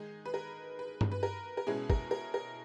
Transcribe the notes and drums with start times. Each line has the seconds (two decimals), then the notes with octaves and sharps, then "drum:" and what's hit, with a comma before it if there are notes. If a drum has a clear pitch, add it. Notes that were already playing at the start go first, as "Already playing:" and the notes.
Already playing: D#3 G#3 D#4 G#4
0.25 B4
0.34 A#4
0.79 B4
1.01 drum: tom G2
1.11 B4
1.23 A#4
1.57 A#4
1.67 B2 G#3 C#4 E4 G#4
1.90 A#4, drum: kick
2.11 A#4
2.34 A#4